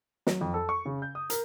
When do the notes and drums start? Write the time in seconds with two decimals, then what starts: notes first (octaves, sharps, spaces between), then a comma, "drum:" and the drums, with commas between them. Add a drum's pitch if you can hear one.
0.27 F#3, drum: snare
0.41 F2
0.54 A4
0.69 C#6
0.86 C#3
1.02 G6
1.15 D#6
1.30 A#4, drum: hi-hat